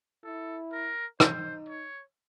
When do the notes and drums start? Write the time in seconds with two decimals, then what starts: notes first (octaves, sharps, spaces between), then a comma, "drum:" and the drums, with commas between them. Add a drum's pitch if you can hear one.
0.24 E4 A4
0.72 A#4
1.20 D#4 C5, drum: rim click
1.68 C#5